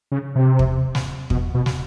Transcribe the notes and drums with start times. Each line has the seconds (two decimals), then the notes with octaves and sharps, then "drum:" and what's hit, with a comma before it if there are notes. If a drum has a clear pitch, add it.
0.12 C#3
0.36 C3
0.59 drum: kick
0.95 drum: snare
1.30 B2, drum: kick
1.54 B2
1.66 drum: snare